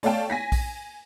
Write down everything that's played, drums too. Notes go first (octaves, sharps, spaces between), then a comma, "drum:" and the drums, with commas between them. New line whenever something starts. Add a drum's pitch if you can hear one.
A3 C#5 D5 F5 G5 A5, drum: open hi-hat
G#5 A#6 B6
drum: kick A#1, open hi-hat